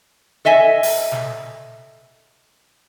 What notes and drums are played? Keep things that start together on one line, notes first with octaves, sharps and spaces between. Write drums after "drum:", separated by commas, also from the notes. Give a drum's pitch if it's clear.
A4 D#5 E5 G#5
drum: open hi-hat
drum: snare